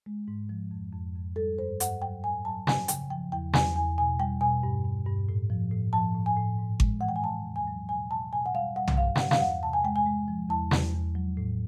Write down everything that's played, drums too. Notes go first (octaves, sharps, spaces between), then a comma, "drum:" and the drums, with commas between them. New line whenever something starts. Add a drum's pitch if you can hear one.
G#3
G#2
F3
F2
F2
F2
G3 A4
G2 C5
G2 F#5, drum: hi-hat
F#3 G5
A2 G#5
F#3 A5
F3 G#5, drum: snare
C#3 G5, drum: hi-hat
F3 G5
E2 G5
E2 G#5, drum: snare
E2 G#5
B2 G#5
G3 G5
B2 G#5
G2
G2
G2
A2
F3
A2
F3 A5
A2
G#5
A2
G#2
G#3, drum: kick G#1
E3 F#5
G5
G#5
C#3 A5
E2
G#5
F#3
B2 G#5
B2 A5
B2 G#5
F#5
G3 F5
G3 F#5
drum: tom B1
G2 F5
G5, drum: snare
E3 F#5
F5, drum: snare
E2 F#5
C3 A5
G#5
G#3 G5
G#5
G#3
F3
E2 A5
E2, drum: snare
E2
F#3
A2